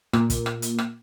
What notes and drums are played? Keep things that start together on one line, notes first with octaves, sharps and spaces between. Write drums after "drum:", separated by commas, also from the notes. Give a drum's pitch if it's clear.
A#2, drum: rim click
drum: kick, hi-hat
drum: rim click
drum: hi-hat
drum: rim click